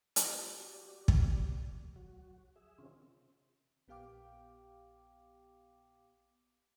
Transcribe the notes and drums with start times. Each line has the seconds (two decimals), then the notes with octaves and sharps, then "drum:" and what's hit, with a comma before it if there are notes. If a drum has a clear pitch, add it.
0.16 G4 C5, drum: hi-hat
0.57 F#4 G4 D5
1.08 drum: kick
1.96 F#3 F#4
2.56 G#4 E5
2.78 C3 D#3 C4 C#4 F4
3.88 A#1 B3 G4 F5 G5 D6